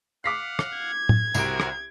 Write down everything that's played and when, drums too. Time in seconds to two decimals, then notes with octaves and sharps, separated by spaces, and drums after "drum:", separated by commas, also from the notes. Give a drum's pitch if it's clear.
0.24 F5 F#5 D6 B6 C7
0.59 drum: rim click
0.77 G#6
1.09 drum: tom A2
1.34 C2 C3 F#4 A#4 D7, drum: tambourine
1.60 drum: rim click